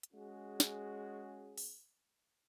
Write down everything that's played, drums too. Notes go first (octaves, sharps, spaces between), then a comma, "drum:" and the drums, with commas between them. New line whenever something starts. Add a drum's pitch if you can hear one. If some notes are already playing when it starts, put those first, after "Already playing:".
drum: hi-hat
G#3 C#4 F#4 G#4
drum: snare
drum: open hi-hat